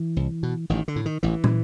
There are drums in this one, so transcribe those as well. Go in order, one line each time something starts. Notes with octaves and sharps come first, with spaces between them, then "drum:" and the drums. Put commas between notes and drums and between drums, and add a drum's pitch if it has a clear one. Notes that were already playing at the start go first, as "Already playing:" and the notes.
Already playing: E3
C2
B2
A1 D#3
D3
A2
D#3
A1 E3
drum: tom